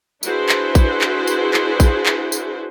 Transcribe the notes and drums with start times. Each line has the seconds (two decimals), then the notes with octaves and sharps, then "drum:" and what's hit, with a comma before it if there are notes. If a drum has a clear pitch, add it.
0.23 D4 E4 F#4 G#4 B4 C5, drum: tambourine
0.49 drum: clap
0.75 drum: kick A#1, tambourine
1.01 drum: clap
1.27 drum: tambourine
1.54 drum: clap
1.80 drum: kick A#1, tambourine
2.06 drum: clap
2.32 drum: tambourine